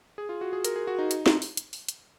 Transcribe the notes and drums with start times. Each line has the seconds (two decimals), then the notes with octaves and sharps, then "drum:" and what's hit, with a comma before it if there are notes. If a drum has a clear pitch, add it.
0.18 G#4
0.29 F4
0.41 F#4
0.53 G#4
0.65 A#4, drum: hi-hat
0.76 G#4
0.87 F#4
0.99 D#4
1.11 drum: hi-hat
1.26 drum: snare
1.42 drum: open hi-hat
1.57 drum: hi-hat
1.73 drum: open hi-hat
1.88 drum: hi-hat